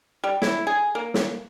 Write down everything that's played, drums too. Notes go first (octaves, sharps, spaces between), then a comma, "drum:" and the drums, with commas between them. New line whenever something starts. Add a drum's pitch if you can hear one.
G3
E4, drum: snare
G#4
A#3
drum: snare